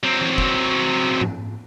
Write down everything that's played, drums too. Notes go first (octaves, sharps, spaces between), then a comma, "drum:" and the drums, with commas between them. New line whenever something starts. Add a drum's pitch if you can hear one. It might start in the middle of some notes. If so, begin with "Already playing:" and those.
F#3 C4
drum: tom E3
drum: kick
drum: tom G#2